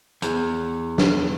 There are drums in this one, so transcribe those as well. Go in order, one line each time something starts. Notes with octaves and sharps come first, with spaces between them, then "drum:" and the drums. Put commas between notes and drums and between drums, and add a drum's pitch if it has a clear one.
E2, drum: hi-hat
drum: snare